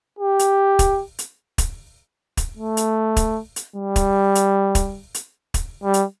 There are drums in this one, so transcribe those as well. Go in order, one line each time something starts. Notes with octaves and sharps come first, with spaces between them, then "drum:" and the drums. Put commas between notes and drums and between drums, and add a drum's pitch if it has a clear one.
G4
drum: hi-hat
drum: kick, hi-hat
drum: hi-hat
drum: kick, hi-hat
drum: kick, hi-hat
A3
drum: hi-hat
drum: kick, hi-hat
drum: hi-hat
G3
drum: kick, hi-hat
drum: hi-hat
drum: kick, hi-hat
drum: hi-hat
drum: kick, hi-hat
G3
drum: hi-hat